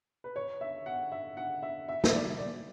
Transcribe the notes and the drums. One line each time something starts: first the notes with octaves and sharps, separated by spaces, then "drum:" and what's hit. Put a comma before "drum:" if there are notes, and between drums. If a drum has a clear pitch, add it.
B4
C#5
E5
F#5
E5
F#5
E5
E5
drum: snare
D5
D5